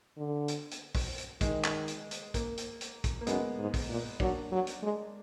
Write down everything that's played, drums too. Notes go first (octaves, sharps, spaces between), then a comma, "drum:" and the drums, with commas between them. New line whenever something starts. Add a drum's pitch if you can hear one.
D3
drum: hi-hat
drum: hi-hat
drum: kick, open hi-hat
drum: hi-hat
D#3 G#3, drum: kick, hi-hat
drum: clap
drum: hi-hat
drum: hi-hat
A#3, drum: kick, hi-hat
drum: hi-hat
drum: hi-hat
drum: kick, hi-hat
A#3
F#2 G#3 B3, drum: hi-hat
G#2
drum: kick, open hi-hat
A#2
F#3 A#3 D4, drum: kick
F#3
drum: hi-hat
G#3